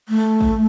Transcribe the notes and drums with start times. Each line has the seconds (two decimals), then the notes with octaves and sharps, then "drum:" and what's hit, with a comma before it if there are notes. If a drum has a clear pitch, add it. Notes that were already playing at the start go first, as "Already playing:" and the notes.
0.09 A3
0.40 drum: kick